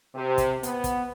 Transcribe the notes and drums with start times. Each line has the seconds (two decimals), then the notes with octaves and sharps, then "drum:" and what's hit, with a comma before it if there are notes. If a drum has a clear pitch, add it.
0.15 C3
0.38 drum: kick, hi-hat
0.63 B3, drum: hi-hat
0.84 drum: kick, hi-hat